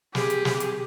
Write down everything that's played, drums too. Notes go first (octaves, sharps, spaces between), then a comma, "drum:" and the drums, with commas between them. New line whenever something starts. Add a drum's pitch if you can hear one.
G4 G#4, drum: snare
drum: hi-hat
drum: snare
drum: hi-hat